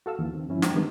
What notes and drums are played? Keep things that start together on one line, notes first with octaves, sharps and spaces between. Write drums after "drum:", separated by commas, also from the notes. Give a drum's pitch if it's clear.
F#4 A4 F5 E6
D#2 E3
D3 D#3 C4
G2 F3 C#4 E4
C4 D4 C5 G5 A#5, drum: snare
D#3 E3 G3 B3 D4 D#4